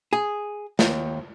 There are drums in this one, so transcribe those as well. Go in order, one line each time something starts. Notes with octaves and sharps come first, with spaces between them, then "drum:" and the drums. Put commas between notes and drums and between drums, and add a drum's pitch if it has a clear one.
G#4
D#2, drum: snare